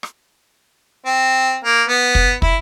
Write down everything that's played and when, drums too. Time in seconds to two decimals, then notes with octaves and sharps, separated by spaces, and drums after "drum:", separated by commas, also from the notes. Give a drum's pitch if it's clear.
0.03 drum: rim click
1.06 C4
1.64 A#3
1.88 B3
2.15 drum: kick
2.42 E4, drum: kick